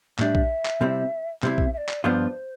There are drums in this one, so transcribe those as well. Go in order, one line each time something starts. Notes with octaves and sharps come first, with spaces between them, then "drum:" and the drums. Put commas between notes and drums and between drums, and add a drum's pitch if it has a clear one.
A2 G3 D4 E5, drum: clap
drum: kick A#1
drum: clap
C3 G3 C4 E4
C3 G3 C4 E4 E5, drum: clap
drum: kick A#1
E5
D5
drum: clap
G2 F3 B3 D4 F4 C5